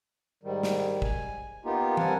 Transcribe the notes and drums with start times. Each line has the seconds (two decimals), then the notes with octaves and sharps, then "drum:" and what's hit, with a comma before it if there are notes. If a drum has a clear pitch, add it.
0.43 G#2 D#3 G3
0.63 drum: snare
1.02 G#5, drum: kick
1.65 A#3 B3 D#4 F4 G4
1.97 G2 C4 A#4 F#5 G#5 A5, drum: tom